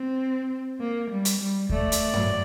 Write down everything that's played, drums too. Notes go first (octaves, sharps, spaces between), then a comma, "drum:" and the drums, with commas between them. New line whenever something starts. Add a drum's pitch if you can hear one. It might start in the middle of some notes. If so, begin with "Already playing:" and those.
Already playing: C4
A#3
G3
drum: hi-hat
G3
A3 D5, drum: kick D2
drum: hi-hat
F#3, drum: tom G2